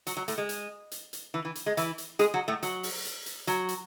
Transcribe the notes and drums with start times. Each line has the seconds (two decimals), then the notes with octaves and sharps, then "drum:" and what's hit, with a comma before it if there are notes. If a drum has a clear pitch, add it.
0.07 F#3, drum: hi-hat
0.17 F#3
0.28 A2 A3, drum: hi-hat
0.38 G#3
0.49 drum: hi-hat
0.91 drum: hi-hat
1.13 drum: hi-hat
1.34 E3
1.45 E3
1.55 drum: hi-hat
1.66 G#3
1.77 E3 E4, drum: hi-hat
1.98 drum: hi-hat
2.19 G#3 G#4, drum: hi-hat
2.34 F#3 F#4
2.48 A2 A3
2.63 F#3, drum: hi-hat
2.83 drum: open hi-hat
3.05 drum: hi-hat
3.26 drum: hi-hat
3.47 F#3, drum: hi-hat
3.69 drum: hi-hat